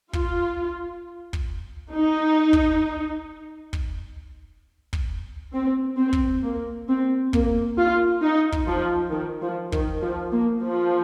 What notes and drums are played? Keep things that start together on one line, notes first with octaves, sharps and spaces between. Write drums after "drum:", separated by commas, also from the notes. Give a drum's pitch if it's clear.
F4, drum: kick
drum: kick
D#4
drum: kick
drum: kick
drum: kick
C4
C4
drum: kick
A#3
C4
A#3, drum: kick
F4
D#4
drum: kick
F3
D#3
F3
D#3, drum: kick
F3
A#3
F3